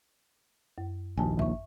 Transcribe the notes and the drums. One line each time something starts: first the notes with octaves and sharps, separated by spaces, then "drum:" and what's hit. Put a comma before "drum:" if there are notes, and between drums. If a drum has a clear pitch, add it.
F#2
A#1 D#2 G#5 A5
E5 C#6, drum: kick